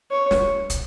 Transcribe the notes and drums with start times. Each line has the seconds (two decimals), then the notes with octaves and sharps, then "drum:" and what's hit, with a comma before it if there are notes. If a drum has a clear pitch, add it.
0.11 C#5
0.31 drum: snare
0.70 drum: kick, hi-hat